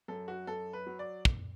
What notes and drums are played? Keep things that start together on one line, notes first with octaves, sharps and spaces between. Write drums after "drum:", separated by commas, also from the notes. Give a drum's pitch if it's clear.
F#2 A4
F#4
F#2 A4
B4
F#3
D5
drum: kick